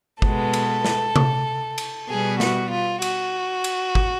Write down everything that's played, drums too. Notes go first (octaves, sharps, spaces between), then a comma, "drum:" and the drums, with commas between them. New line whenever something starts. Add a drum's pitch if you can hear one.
B2 G#3 B3 A4, drum: kick G1
drum: cymbal
drum: snare
drum: tom C3
drum: cymbal
B2 G3 B3 G#4
F#4, drum: snare
F4
F#4, drum: cymbal
drum: cymbal
drum: kick G1